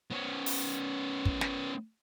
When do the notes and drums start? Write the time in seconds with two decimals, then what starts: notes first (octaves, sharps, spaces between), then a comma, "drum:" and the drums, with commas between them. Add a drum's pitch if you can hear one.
0.11 B3 C#4
0.46 drum: open hi-hat
1.25 drum: kick
1.41 drum: snare